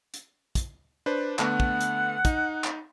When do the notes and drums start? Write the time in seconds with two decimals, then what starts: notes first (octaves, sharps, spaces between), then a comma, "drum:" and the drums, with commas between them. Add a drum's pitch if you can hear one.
0.14 drum: hi-hat
0.55 drum: kick, hi-hat
1.06 D4 B4 C5
1.39 D3 A3 B3 F#5, drum: clap
1.60 drum: kick
1.81 drum: hi-hat
2.25 D#4, drum: kick, hi-hat
2.64 drum: clap